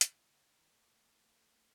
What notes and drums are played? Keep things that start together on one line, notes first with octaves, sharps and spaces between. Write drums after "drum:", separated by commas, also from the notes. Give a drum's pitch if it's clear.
A#2 E3, drum: hi-hat
C#2 A#3
D#3 E3
A3 A#3